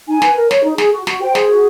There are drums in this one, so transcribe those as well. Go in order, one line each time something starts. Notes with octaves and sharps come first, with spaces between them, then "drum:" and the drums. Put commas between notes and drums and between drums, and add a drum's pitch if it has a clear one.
D#4 G#5
B4, drum: snare
A#4
C#5, drum: snare
D#4
G#4, drum: snare
F#4
F#4, drum: snare
C5 G5
G#4, drum: snare
F#4